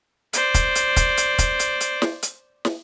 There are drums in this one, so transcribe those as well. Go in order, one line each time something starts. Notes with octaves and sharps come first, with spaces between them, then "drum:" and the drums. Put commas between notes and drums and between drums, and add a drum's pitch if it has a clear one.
C5 D5, drum: hi-hat
drum: kick, hi-hat
drum: hi-hat
drum: kick, hi-hat
drum: hi-hat
drum: kick, hi-hat
drum: hi-hat
drum: hi-hat
drum: snare
drum: hi-hat
drum: snare